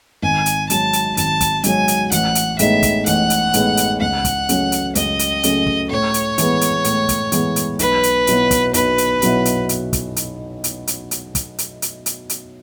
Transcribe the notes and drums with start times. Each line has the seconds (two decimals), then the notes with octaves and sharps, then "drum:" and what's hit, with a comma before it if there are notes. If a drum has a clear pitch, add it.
0.22 G#1 G#5
0.46 drum: hi-hat
0.70 G#2 F#3 A5, drum: hi-hat
0.93 drum: hi-hat
1.17 G#1 A5, drum: hi-hat
1.41 drum: kick, hi-hat
1.64 G#2 F#3 G#5, drum: hi-hat
1.88 drum: hi-hat
2.11 A1 F#5, drum: hi-hat
2.35 drum: hi-hat
2.59 A2 G#3 B3 D#4 E5, drum: hi-hat
2.83 drum: kick, hi-hat
3.06 A1 F#5, drum: hi-hat
3.30 drum: hi-hat
3.54 A2 G#3 B3 D#4, drum: hi-hat
3.77 drum: hi-hat
4.01 C#2 F#5
4.25 drum: kick, hi-hat
4.49 C#3 F#3 A3 C#4, drum: hi-hat
4.72 drum: hi-hat
4.95 C#2 D#5, drum: hi-hat
5.19 drum: hi-hat
5.43 C#3 F#3 A3 C#4, drum: hi-hat
5.67 drum: kick
5.90 A2 C#5
6.14 drum: hi-hat
6.38 E3 G#3 B3, drum: hi-hat
6.61 drum: hi-hat
6.84 A2, drum: hi-hat
7.09 drum: kick, hi-hat
7.32 E3 G#3 B3, drum: hi-hat
7.56 drum: hi-hat
7.79 B1 B4, drum: hi-hat
8.03 drum: hi-hat
8.27 B2 F#3 B3 E4, drum: hi-hat
8.51 drum: kick, hi-hat
8.74 B1 B4, drum: hi-hat
8.98 drum: hi-hat
9.22 B2 F#3 B3 E4, drum: hi-hat
9.45 drum: hi-hat
9.69 drum: hi-hat
9.93 drum: kick, hi-hat
10.16 drum: hi-hat
10.64 drum: hi-hat
10.87 drum: hi-hat
11.11 drum: hi-hat
11.35 drum: kick, hi-hat
11.58 drum: hi-hat
11.82 drum: hi-hat
12.06 drum: hi-hat
12.29 drum: hi-hat